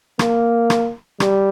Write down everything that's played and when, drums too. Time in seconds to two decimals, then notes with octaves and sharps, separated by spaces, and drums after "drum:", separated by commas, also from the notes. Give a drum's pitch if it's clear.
0.19 A#3, drum: rim click
0.70 drum: rim click
1.20 G3, drum: rim click